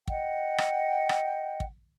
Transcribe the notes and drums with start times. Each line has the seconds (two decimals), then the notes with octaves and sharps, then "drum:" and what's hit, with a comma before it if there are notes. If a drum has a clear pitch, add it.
0.08 D#5 F#5 G5, drum: kick
0.58 drum: rim click
1.09 drum: rim click
1.60 drum: kick